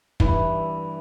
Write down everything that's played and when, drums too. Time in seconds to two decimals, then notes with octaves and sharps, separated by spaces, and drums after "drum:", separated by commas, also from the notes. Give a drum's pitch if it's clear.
0.20 G2 E3 G3 E4, drum: kick